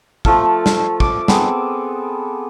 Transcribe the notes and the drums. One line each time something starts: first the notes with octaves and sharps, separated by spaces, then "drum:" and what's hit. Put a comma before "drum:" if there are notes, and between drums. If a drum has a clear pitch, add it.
F3 A3 A4 F5, drum: kick
drum: snare
D6, drum: kick
B3 C4 G#4 A4, drum: snare